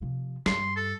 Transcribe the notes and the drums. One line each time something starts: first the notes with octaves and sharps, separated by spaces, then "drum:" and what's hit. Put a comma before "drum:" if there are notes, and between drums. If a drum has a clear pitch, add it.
C3 F3
G2 C6, drum: snare
A4